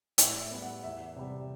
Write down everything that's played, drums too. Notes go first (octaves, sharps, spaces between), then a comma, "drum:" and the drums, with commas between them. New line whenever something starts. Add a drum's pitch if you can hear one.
A2 E5, drum: hi-hat
E5
G3 B3
F#5
E2 E5
C3 G3